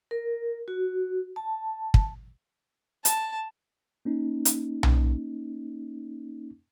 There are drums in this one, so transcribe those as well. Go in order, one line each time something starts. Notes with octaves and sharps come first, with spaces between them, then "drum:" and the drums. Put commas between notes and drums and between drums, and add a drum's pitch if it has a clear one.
A#4
F#4
A5
drum: kick
A5, drum: hi-hat
A#3 C#4 D#4
drum: hi-hat
drum: tom B1